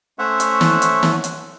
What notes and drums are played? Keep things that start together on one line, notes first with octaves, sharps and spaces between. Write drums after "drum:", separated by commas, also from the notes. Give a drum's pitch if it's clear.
A3 C#4 C5 C#5 E5 F#5
drum: hi-hat
drum: snare
drum: hi-hat
drum: snare
drum: hi-hat